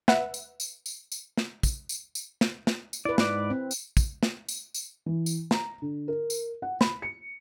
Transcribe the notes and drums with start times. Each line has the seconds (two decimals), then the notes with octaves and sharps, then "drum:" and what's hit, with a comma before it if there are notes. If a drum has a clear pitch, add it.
0.08 B4 E5 F#5, drum: snare
0.34 drum: tambourine
0.60 drum: tambourine
0.86 drum: tambourine
1.12 drum: tambourine
1.38 drum: snare
1.63 drum: kick, tambourine
1.89 drum: tambourine
2.15 drum: tambourine
2.41 drum: snare
2.67 drum: snare
2.93 drum: tambourine
3.05 E4 B4 D5
3.18 G#2 D5, drum: snare
3.50 C4
3.71 drum: tambourine
3.97 drum: kick, tambourine
4.23 drum: snare
4.49 drum: tambourine
4.74 drum: tambourine
5.06 E3
5.26 drum: tambourine
5.51 A#5, drum: snare
5.82 D3
6.08 A#4
6.30 drum: tambourine
6.62 F#5
6.81 B5, drum: snare
7.02 C#7